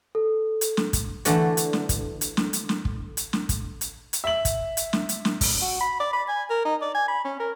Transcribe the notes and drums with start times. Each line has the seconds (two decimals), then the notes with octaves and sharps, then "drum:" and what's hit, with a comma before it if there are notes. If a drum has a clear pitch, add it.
0.15 A4
0.61 drum: hi-hat
0.77 drum: snare
0.93 drum: kick, hi-hat
1.25 D3 E3 A3 D4 F#4, drum: hi-hat
1.57 drum: hi-hat
1.73 drum: snare
1.89 drum: kick, hi-hat
2.21 drum: hi-hat
2.37 drum: snare
2.53 drum: hi-hat
2.69 drum: snare
2.85 drum: kick
3.17 drum: hi-hat
3.33 drum: snare
3.49 drum: kick, hi-hat
3.81 drum: hi-hat
4.13 drum: hi-hat
4.24 E5 F#7
4.45 drum: kick, hi-hat
4.77 drum: hi-hat
4.93 drum: snare
5.09 drum: hi-hat
5.25 drum: snare
5.41 drum: kick, open hi-hat
5.62 F#4
5.81 B5
6.00 D5
6.13 B5
6.28 G#5
6.50 A#4
6.65 D#4
6.82 D5
6.95 G#5
7.08 B5
7.24 C#4
7.39 A#4